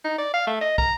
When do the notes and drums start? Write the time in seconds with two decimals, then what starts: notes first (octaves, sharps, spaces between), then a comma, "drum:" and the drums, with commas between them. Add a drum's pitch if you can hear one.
0.05 D#4
0.18 D5
0.34 F5
0.47 A3
0.61 D#5
0.78 A#5, drum: kick